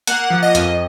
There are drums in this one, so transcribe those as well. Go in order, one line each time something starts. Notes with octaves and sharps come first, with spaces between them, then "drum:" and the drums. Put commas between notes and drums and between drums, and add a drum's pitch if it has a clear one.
A#3 F#5, drum: hi-hat
F3
D#5
F2, drum: hi-hat